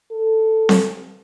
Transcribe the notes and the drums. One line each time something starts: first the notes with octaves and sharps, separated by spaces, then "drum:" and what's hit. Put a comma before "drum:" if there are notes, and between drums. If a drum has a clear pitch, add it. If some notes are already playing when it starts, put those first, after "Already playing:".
A4
drum: snare C4